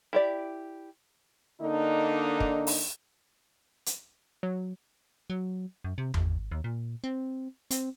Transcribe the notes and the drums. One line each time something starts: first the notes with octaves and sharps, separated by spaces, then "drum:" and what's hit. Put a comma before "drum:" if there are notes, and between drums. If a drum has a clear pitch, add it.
E4 G4 D5
D3 A#3 D4 D#4
drum: kick
drum: open hi-hat
drum: hi-hat
F#3
F#3
F#2
C3
G#1, drum: tom E2
D#2
A#2
C4
C4, drum: hi-hat